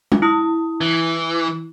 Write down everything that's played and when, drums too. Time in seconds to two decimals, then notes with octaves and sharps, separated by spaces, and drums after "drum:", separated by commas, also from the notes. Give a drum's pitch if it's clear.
0.12 drum: tom G#3
0.22 E4 D#6
0.81 E3